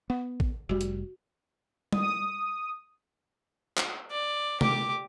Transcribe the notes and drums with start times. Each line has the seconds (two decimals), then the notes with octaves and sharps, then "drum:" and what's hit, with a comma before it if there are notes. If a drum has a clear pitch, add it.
0.10 B3 F#5
0.40 drum: kick
0.69 F1 G3 F#4
0.81 drum: hi-hat
1.93 D#6, drum: tom G3
3.77 drum: clap
4.11 D5
4.61 G4 D6, drum: tom